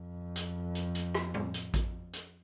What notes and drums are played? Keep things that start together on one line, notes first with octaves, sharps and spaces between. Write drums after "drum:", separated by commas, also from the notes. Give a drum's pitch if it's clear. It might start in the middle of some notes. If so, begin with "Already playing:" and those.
Already playing: F2
drum: hi-hat
drum: hi-hat
drum: hi-hat
drum: rim click
drum: tom A2
drum: hi-hat
drum: kick A1, hi-hat
drum: hi-hat